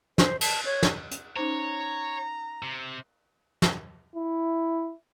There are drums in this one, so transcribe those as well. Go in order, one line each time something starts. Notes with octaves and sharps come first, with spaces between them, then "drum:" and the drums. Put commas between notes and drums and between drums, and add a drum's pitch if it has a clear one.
C5, drum: snare
A5, drum: cymbal
C#5
drum: snare
drum: hi-hat
C#4 D#4 C5 C#5 A#5
C3
drum: snare
E4